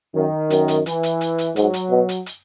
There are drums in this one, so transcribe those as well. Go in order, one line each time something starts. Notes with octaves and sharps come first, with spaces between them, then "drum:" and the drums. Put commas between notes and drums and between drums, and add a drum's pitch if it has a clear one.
F#2 D#3
F#2, drum: hi-hat
drum: hi-hat
E3, drum: hi-hat
drum: hi-hat
drum: hi-hat
drum: hi-hat
G#2 F#3, drum: hi-hat
drum: hi-hat
B2
drum: hi-hat
drum: hi-hat